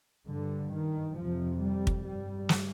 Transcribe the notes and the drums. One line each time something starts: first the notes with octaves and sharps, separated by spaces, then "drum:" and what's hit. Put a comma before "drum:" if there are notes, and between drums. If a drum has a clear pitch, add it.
G2 D3
D#3
F2 C3 F3
G3
drum: kick
G2 G3
drum: snare